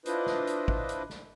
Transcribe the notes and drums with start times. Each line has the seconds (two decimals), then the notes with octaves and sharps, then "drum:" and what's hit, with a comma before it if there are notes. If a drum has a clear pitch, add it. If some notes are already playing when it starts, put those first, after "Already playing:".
0.06 D4 E4 F4 B4 C5 D#5, drum: hi-hat
0.26 drum: snare
0.47 drum: hi-hat
0.68 drum: kick
0.89 drum: hi-hat
1.10 drum: snare